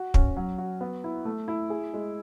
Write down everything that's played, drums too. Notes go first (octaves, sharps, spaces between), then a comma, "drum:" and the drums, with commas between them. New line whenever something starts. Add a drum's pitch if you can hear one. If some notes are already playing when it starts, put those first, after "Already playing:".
Already playing: F#4
C#4, drum: kick
F#3
F#4
B3
E4
A3
E4
G#4
G#3